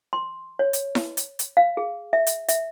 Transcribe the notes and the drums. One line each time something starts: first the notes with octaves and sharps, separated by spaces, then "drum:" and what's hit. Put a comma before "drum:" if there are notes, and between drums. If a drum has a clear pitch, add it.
C6
C#5
drum: hi-hat
drum: snare E4
drum: hi-hat
drum: hi-hat
F5
G#4
E5
drum: hi-hat
E5, drum: hi-hat